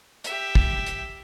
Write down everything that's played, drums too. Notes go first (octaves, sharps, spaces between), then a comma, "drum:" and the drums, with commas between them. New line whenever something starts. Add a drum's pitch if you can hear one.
G4 E5, drum: hi-hat
drum: kick
drum: hi-hat